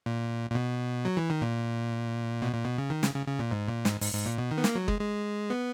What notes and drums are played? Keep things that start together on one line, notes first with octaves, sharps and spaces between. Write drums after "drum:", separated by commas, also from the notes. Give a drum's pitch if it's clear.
A#2
A#2
B2
F#3
E3
D#3
A#2
B2
A#2
B2
C#3
D#3
C#3, drum: snare
C#3
C#3
A#2
G#2
A#2
G#2, drum: snare
G#2, drum: open hi-hat
G#2
A#2
B2
D#3
B3
A#3, drum: snare
F#3
G#3, drum: kick
G#3
B3